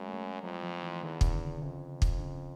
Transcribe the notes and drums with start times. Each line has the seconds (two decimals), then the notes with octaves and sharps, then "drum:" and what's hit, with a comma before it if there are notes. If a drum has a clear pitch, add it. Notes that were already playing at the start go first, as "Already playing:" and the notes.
Already playing: F#2 G#3
0.08 A3
0.14 G#3
0.43 F2 F#3
0.63 F3
0.83 E3
1.03 E2 D#3
1.21 C#3, drum: kick
1.33 D3
1.62 F2 C#3
2.02 drum: kick
2.17 D3
2.21 C#3